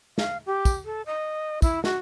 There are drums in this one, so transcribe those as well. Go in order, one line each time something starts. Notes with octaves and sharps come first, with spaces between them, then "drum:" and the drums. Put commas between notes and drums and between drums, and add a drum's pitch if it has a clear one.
F5, drum: snare
G4
drum: kick, tambourine
A4
D#5
E4, drum: kick, tambourine
F#4, drum: snare